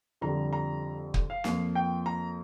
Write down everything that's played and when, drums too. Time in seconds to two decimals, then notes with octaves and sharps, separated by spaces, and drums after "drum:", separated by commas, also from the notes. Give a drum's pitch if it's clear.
0.21 F2 D3 G3 A#5
0.53 A#5
1.14 drum: kick
1.30 F5
1.44 F2 F3 A#3, drum: snare
1.75 G5
2.06 A#5